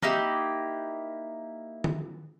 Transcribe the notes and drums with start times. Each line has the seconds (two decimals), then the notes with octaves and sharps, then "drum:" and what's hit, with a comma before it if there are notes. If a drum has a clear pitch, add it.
0.02 A#3 D#4 E4 G4, drum: snare
1.84 drum: tom D3